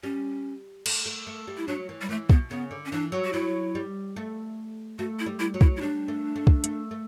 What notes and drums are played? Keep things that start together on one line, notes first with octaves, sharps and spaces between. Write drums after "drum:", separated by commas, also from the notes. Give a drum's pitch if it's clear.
G3 C#4
A3, drum: cymbal
A3
A3
G3
E4
F#3 D4
E3
G3
E3 A3
B2 B3, drum: kick
C#3 B3
D3
C#4
E3 D4
F#3
F#4
F#3 E4
G3
A3
A3 F#4
E4
G3
E4
F#3
E4, drum: kick
E4
G3 D4
A3
A3
drum: kick
A3, drum: hi-hat
A3